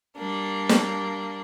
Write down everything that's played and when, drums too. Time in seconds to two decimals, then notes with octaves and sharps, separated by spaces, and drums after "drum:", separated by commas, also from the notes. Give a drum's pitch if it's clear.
0.16 G3 A#3 D4
0.69 drum: snare